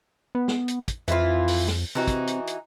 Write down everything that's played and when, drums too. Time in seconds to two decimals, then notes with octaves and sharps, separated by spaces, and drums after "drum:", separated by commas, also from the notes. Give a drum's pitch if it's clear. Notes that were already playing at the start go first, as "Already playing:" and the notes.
0.35 B3
0.48 drum: snare
0.68 drum: hi-hat
0.88 drum: kick, hi-hat
1.08 F2 E3 E4 F4, drum: hi-hat
1.48 drum: open hi-hat
1.68 drum: snare
1.95 C3 E3 D#4 F#4
2.07 drum: kick, hi-hat
2.27 drum: hi-hat
2.47 drum: hi-hat